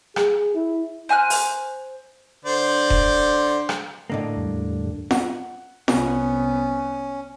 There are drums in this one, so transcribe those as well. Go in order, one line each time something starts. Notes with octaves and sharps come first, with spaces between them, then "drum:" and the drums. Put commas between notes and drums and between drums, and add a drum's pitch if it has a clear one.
G#4, drum: rim click
E4
C5 G#5 F6 F#6
drum: open hi-hat
D3 C5 D5
drum: kick D#1
drum: rim click
A2 D3 A#3 D#5
E2 G3
F#5, drum: snare F4
C2 B3 C#4, drum: snare F4